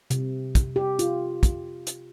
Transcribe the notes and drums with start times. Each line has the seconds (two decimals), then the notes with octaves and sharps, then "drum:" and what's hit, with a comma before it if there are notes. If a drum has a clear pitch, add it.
0.10 C3, drum: hi-hat
0.55 drum: kick, hi-hat
0.76 G4
0.99 F4, drum: hi-hat
1.43 drum: kick, hi-hat
1.87 drum: hi-hat